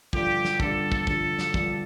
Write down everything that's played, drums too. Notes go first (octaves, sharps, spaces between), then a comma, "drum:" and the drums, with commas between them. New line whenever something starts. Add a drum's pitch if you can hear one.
G2 D3 F3 G4, drum: kick
drum: snare
G2 D3 F3 A4, drum: kick
drum: kick
G2 D3 F3, drum: kick
drum: snare
G2 D3 F3, drum: kick